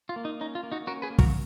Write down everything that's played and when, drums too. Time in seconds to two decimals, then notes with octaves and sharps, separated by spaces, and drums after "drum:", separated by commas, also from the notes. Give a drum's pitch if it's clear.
0.09 F4
0.16 A#3
0.25 D#4
0.41 C#4 D#4
0.55 F4
0.63 A#3
0.72 D#4 F#4
0.87 C#4 F#4 A#4
1.02 G#4 B4
1.10 A#3
1.19 F#4 A#4, drum: kick